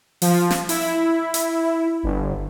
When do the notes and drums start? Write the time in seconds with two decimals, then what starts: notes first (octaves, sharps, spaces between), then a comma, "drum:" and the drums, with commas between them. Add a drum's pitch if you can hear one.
0.22 F3, drum: open hi-hat
0.50 drum: snare
0.69 E4, drum: open hi-hat
1.34 drum: hi-hat
2.03 G1